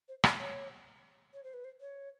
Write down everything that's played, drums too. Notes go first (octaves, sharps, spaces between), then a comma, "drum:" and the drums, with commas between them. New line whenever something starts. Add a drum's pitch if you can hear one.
C5
D5, drum: rim click
C#5
C#5
C5
B4
C5
C#5